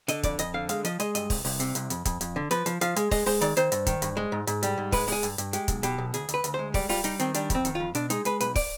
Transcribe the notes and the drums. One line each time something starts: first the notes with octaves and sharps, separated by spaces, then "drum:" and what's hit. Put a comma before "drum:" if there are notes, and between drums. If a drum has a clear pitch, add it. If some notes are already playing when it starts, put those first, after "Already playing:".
D3 D#5, drum: hi-hat
F2 D5, drum: kick, hi-hat
F2 D#5, drum: hi-hat
D3 F5
G#3 F5, drum: hi-hat
F3 D#5, drum: hi-hat
G#3 D#5, drum: hi-hat
G2 D#5, drum: hi-hat
C2, drum: kick, open hi-hat
C2, drum: open hi-hat
C3, drum: hi-hat
C2, drum: hi-hat
F2, drum: hi-hat
F2, drum: kick, hi-hat
F2, drum: hi-hat
D3
F3 B4, drum: hi-hat
F3, drum: hi-hat
F3 F5, drum: hi-hat
G#3, drum: hi-hat
G#3 D#5, drum: kick, open hi-hat
G#3 C5, drum: open hi-hat
D#3 D5, drum: hi-hat
D#3 C5, drum: hi-hat
G2, drum: hi-hat
D#3, drum: kick, hi-hat
G2, drum: hi-hat
G#3
G#2
G#2, drum: hi-hat
G3, drum: hi-hat
G#2
G#3 B4, drum: kick, open hi-hat
G#3 G#4, drum: open hi-hat
G2, drum: hi-hat
G2, drum: hi-hat
G#3 G4, drum: hi-hat
B1, drum: kick, hi-hat
B2 G4, drum: hi-hat
B1
D2 G#4, drum: hi-hat
D2, drum: hi-hat
B4
D2, drum: hi-hat
G#3 C5
G3 D5, drum: kick, open hi-hat
G3 F4, drum: open hi-hat
G3 D#4, drum: hi-hat
D#3 C4, drum: hi-hat
G3 D4, drum: hi-hat
F2 C4, drum: kick, hi-hat
D#3, drum: hi-hat
F2 F4
B2 D4, drum: hi-hat
G#3 D#4, drum: hi-hat
G#3 B4, drum: hi-hat
B1 B4, drum: hi-hat
D5, drum: kick, open hi-hat